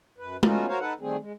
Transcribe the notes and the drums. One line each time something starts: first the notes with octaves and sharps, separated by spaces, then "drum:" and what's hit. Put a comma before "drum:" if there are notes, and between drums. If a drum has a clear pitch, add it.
F#2 B4
A3 B3 C#4 D#4 F4 F#4, drum: tom G#3
F#4 A#4 C5 C#5 F5
D#4 A4 B4 F#5
D#3 G3 A3 C4 G#4
G#3